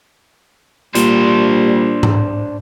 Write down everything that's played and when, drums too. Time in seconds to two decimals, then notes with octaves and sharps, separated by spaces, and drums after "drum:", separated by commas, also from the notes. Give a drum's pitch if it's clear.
0.95 A#2 G3 D4 C5, drum: hi-hat
2.03 drum: tom G#2